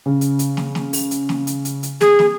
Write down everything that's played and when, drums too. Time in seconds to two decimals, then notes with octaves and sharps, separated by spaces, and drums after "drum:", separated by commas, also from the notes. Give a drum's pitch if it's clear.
0.06 C#3
0.21 drum: hi-hat
0.39 drum: hi-hat
0.57 drum: snare
0.75 drum: snare
0.93 drum: open hi-hat
1.11 drum: hi-hat
1.29 drum: snare
1.47 drum: hi-hat
1.65 drum: hi-hat
1.83 drum: hi-hat
2.01 G#4, drum: snare
2.19 drum: snare